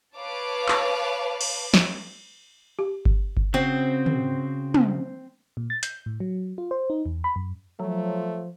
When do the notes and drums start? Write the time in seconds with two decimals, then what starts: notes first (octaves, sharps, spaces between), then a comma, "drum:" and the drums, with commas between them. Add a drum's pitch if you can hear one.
0.17 B4 C#5 F5 A5 D6
0.68 drum: clap
1.41 drum: cymbal
1.74 drum: snare
2.79 G4
3.05 drum: kick G1
3.37 drum: kick G1
3.54 C#3 C4 F#4
4.06 drum: tom
4.74 drum: tom
5.57 A#2
5.70 A6
5.83 G6, drum: hi-hat
6.06 A2
6.20 F#3
6.58 F4
6.71 C5
6.90 D#4
7.06 E2
7.24 B5
7.36 F#2
7.80 F3 F#3 A3